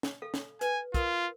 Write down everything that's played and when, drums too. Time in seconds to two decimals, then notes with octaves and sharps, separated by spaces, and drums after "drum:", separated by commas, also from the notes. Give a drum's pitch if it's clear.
0.03 drum: snare
0.22 A4 F5
0.34 drum: snare
0.61 B4 G#5, drum: hi-hat
0.94 F4 A#4, drum: kick, hi-hat